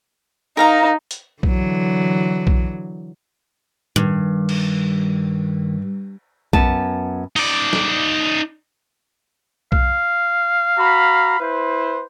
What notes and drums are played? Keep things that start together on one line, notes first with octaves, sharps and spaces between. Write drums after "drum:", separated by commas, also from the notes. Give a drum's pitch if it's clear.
D#4 A#4 F5 A#5
drum: hi-hat
D3 E3 F#3, drum: kick B1
drum: kick B1
G2 D#3, drum: tom A2
drum: cymbal
F#2 B3 A5, drum: kick B1
D#4 D5, drum: open hi-hat
drum: snare
F5, drum: kick B1
F#4 A#5 B5
E4 B4 C5